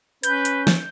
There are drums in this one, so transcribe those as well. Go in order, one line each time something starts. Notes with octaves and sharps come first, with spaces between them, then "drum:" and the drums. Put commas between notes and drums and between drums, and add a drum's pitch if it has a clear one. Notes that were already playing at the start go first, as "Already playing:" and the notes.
C#4 B4 G6, drum: hi-hat
drum: hi-hat
drum: snare